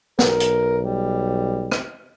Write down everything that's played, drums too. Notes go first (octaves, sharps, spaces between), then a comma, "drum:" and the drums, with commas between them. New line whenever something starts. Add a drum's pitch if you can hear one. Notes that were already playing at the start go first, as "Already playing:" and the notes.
B1 A#4, drum: snare
drum: hi-hat
G3
drum: rim click